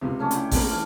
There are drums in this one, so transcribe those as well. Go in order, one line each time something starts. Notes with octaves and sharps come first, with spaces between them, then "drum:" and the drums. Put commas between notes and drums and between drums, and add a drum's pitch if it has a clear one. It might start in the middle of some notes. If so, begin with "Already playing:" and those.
C#2 C3
A3 C#4 D4
E4 G5, drum: hi-hat
A3 A#3 C4, drum: kick G#1, open hi-hat
E3 F6